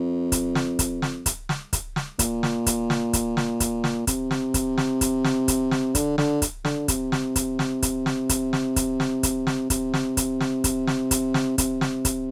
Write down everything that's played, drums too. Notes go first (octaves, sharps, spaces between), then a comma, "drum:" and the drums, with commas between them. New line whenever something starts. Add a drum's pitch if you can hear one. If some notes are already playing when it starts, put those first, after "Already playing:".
Already playing: F2
drum: kick, hi-hat
drum: snare
drum: kick, hi-hat
drum: snare
drum: kick, hi-hat
drum: snare
drum: kick, hi-hat
drum: snare
A#2, drum: kick, hi-hat
drum: snare
drum: kick, hi-hat
drum: snare
drum: kick, hi-hat
drum: snare
drum: kick, hi-hat
drum: snare
C3, drum: kick, hi-hat
drum: snare
drum: kick, hi-hat
drum: snare
drum: kick, hi-hat
drum: snare
drum: kick, hi-hat
drum: snare
D3, drum: kick, hi-hat
D3, drum: snare
drum: kick, hi-hat
D3, drum: snare
C3, drum: kick, hi-hat
drum: snare
drum: kick, hi-hat
drum: snare
drum: kick, hi-hat
drum: snare
drum: kick, hi-hat
drum: snare
drum: kick, hi-hat
drum: snare
drum: kick, hi-hat
drum: snare
C3, drum: kick, hi-hat
drum: snare
drum: kick, hi-hat
drum: snare
drum: kick, hi-hat
drum: snare
drum: kick, hi-hat
drum: snare
C3, drum: kick, hi-hat
drum: snare
drum: kick, hi-hat